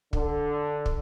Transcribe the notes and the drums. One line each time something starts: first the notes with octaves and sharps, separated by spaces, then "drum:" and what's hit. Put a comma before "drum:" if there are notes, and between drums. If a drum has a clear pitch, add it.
D3, drum: kick
drum: kick